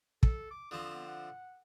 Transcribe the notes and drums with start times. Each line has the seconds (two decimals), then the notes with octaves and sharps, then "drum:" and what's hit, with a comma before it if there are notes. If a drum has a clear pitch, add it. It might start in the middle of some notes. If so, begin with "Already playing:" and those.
0.23 A4, drum: kick
0.51 D6
0.71 D3 F3 C4 D#6
0.95 B3
1.07 F#5